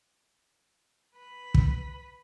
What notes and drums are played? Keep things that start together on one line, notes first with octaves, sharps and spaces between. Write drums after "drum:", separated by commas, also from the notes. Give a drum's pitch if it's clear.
B4 B5
drum: kick